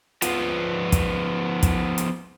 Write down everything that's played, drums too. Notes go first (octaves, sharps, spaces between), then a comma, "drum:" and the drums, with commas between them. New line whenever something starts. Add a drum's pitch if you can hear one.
F3 B3, drum: hi-hat
drum: kick, hi-hat
drum: kick, hi-hat
drum: hi-hat